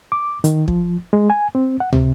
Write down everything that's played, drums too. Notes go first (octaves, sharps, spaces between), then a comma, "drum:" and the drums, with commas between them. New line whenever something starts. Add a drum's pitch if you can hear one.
D6
D#3, drum: hi-hat
F3, drum: kick
G#3
G#5
C4
F#5
C3, drum: tom